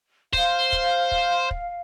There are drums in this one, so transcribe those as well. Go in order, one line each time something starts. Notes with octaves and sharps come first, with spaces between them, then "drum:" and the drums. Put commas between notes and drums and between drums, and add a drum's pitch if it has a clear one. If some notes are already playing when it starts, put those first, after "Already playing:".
C5 F5, drum: kick
drum: kick
drum: kick
drum: kick